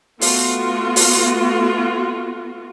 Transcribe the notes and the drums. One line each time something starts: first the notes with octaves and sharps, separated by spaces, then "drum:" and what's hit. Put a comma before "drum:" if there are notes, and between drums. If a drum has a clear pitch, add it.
A3 B3 F4 F#4, drum: open hi-hat
drum: open hi-hat